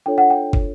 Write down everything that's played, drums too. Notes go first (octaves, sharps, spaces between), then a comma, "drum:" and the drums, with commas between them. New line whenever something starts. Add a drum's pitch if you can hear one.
D4 F4 A4 C#5 G5
F#5
G5
drum: kick